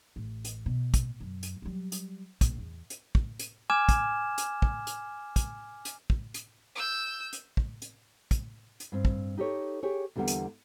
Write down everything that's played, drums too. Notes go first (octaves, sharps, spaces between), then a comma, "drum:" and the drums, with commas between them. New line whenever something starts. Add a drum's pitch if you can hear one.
A1
drum: hi-hat
B2
drum: kick, hi-hat
F#2
drum: hi-hat
F#3 G3
drum: hi-hat
A#1, drum: kick, hi-hat
E2
drum: hi-hat
drum: kick
drum: hi-hat
G#5 D6 F6 G#6 E7
drum: kick, hi-hat
drum: hi-hat
drum: kick
drum: hi-hat
drum: kick, hi-hat
drum: hi-hat
drum: kick
drum: hi-hat
E6 G6
drum: hi-hat
drum: kick
drum: hi-hat
drum: kick, hi-hat
drum: hi-hat
G2 C4
drum: kick
D#4 G4 A4 C#5
G4 G#4 C#5
E2 D3 G3 A#3 B3 F#5
drum: hi-hat